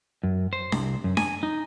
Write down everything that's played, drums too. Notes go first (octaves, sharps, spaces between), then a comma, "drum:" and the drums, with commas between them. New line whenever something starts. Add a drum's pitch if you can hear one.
F#2
C5
C2, drum: snare D4
F#2
G#5, drum: snare D4
D#4